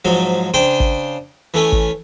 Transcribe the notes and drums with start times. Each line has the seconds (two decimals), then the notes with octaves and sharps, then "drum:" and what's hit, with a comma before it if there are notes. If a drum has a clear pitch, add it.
0.05 G#2 F3 F#3
0.54 C#3 D4 C5 G5 C6
0.80 drum: kick
1.54 E3 A3 C#4
1.72 drum: kick